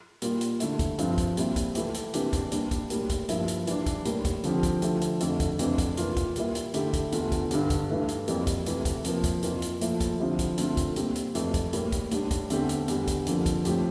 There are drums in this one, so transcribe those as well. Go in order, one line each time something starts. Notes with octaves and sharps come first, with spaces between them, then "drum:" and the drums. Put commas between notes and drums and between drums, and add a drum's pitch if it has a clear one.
A#2 G3 A#3 F4, drum: hi-hat
drum: hi-hat
D3 A3 E4, drum: hi-hat
drum: kick, hi-hat
G2 F3 C4, drum: hi-hat
drum: kick, hi-hat
A#2 G3 C4 E4, drum: hi-hat
drum: kick, hi-hat
E3 A3 E4 G4, drum: hi-hat
drum: hi-hat
C3 E3 A#3 D4 G4, drum: hi-hat
drum: kick, hi-hat
A#2 G3 D4, drum: hi-hat
drum: kick, hi-hat
A2 G3 A#3, drum: hi-hat
drum: kick, hi-hat
G2 F3 A#3 E4, drum: hi-hat
drum: hi-hat
E3 G3 D4, drum: hi-hat
drum: kick, hi-hat
A2 G3 A#3, drum: hi-hat
drum: kick, hi-hat
D3 F3 C4 G4, drum: hi-hat
drum: kick, hi-hat
D3 F3 A3 E4 G4, drum: hi-hat
drum: hi-hat
F2 D3 A3, drum: hi-hat
drum: kick, hi-hat
F2 C3 E3 A3 D4, drum: hi-hat
drum: kick, hi-hat
E3 A#3 F4, drum: hi-hat
drum: kick, hi-hat
A#2 G3 A#3 E4, drum: hi-hat
drum: hi-hat
D3 A3 E4 G4, drum: hi-hat
drum: kick, hi-hat
E2 D3 A3 D4 F4, drum: hi-hat
drum: kick, hi-hat
G2 D3 G3 D4, drum: hi-hat
drum: kick, hi-hat
G2 E3 A3 D4
drum: hi-hat
F2 E3 G3 A#3, drum: hi-hat
drum: kick, hi-hat
C3 E3 A3, drum: hi-hat
drum: kick, hi-hat
C3 F3 A#3, drum: hi-hat
drum: kick, hi-hat
F2 E3 A#3 F4, drum: hi-hat
drum: hi-hat
A#2 F3 A3 E4, drum: hi-hat
drum: kick, hi-hat
D3 F3 C4 E4 G4
drum: kick, hi-hat
D3 A3 C4 F4, drum: hi-hat
drum: kick, hi-hat
A#2 G3 C4, drum: hi-hat
drum: hi-hat
F2 E3 A3 E4, drum: hi-hat
drum: kick, hi-hat
A2 G3 A#3, drum: hi-hat
drum: kick, hi-hat
A2 G3 D4 G4, drum: hi-hat
drum: kick, hi-hat
E2 D3 A3 C4 G4, drum: hi-hat
drum: hi-hat
E2 D3 G3, drum: hi-hat
drum: kick, hi-hat
F2 D3 F3 A#3, drum: hi-hat
drum: kick, hi-hat
A2 F3 C4 G4, drum: hi-hat